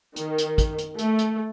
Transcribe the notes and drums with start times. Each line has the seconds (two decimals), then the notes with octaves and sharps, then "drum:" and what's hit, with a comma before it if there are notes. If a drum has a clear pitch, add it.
0.16 D#3, drum: hi-hat
0.38 drum: hi-hat
0.58 drum: kick, hi-hat
0.78 drum: hi-hat
0.98 A3, drum: hi-hat
1.18 drum: hi-hat